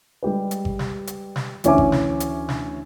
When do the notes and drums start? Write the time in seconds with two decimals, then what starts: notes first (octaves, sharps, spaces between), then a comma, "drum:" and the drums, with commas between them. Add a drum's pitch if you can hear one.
0.23 G3 G#3 G4 B4
0.51 drum: hi-hat
0.65 drum: kick G#1
0.79 drum: snare
1.07 drum: hi-hat
1.36 drum: snare
1.64 D2 E3 C#4 E5 G#5 D6, drum: hi-hat
1.78 drum: kick G#1
1.92 drum: snare
2.20 drum: hi-hat
2.49 drum: snare